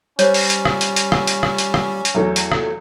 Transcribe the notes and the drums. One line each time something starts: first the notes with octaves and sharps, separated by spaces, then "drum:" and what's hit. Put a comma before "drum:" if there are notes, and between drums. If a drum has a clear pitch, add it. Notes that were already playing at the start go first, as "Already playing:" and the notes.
G3 C#4 C5 C#5, drum: hi-hat
drum: open hi-hat
drum: hi-hat
drum: rim click
drum: hi-hat
drum: hi-hat
drum: rim click
drum: hi-hat
drum: rim click
drum: hi-hat
drum: rim click
drum: hi-hat
E2 F#3 A3
drum: hi-hat
drum: rim click